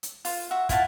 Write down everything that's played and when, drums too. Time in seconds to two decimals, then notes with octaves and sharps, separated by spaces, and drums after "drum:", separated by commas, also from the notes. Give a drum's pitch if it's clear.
0.03 drum: hi-hat
0.25 F4, drum: open hi-hat
0.51 F#4 E5
0.69 E4 F4 F#5 A5, drum: kick, hi-hat